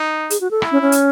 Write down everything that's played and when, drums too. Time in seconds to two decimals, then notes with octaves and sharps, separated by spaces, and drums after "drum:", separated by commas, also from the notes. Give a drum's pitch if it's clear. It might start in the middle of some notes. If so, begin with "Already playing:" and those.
Already playing: D#4
0.30 G#4, drum: hi-hat
0.41 F#4
0.51 A4
0.62 E4, drum: rim click
0.71 C#4
0.82 C#4
0.92 drum: hi-hat